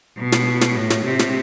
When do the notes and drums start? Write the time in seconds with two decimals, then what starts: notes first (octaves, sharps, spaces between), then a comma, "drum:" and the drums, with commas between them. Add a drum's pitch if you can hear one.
0.18 B2
0.32 drum: snare
0.61 drum: snare
0.76 A2
0.90 drum: snare
1.05 C3
1.19 drum: snare